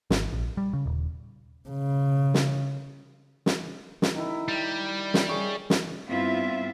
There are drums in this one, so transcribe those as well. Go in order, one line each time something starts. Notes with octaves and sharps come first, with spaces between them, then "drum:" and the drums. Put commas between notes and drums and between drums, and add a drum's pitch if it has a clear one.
G#1, drum: snare
A#1
G3
C#3
D#1
C#3
drum: snare
drum: snare
drum: snare
D#3 E4
G3
drum: snare
G#4 C#5
drum: snare
G2 B3 C4 E4 F4 E5